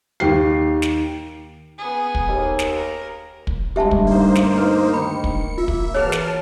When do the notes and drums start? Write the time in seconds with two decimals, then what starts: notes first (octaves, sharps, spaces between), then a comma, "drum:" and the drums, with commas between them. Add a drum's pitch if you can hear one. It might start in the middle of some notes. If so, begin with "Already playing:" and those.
0.20 D#2 G4 C7
0.82 drum: snare
1.78 B3 G#4
2.15 drum: kick
2.28 D#2
2.59 drum: snare
2.75 A#4
3.47 drum: kick
3.76 D2 G2 G#3 G4 E5 A5
3.91 drum: kick
4.07 A#3 D#4 C5
4.35 drum: snare
4.57 D#4 B4
4.93 D#3 B5 C#7
5.24 drum: kick
5.58 A#3 F4 E5
5.68 drum: kick
5.94 E3 F4 F#4 G#4 A#4 C#5 A5 F6
6.12 drum: snare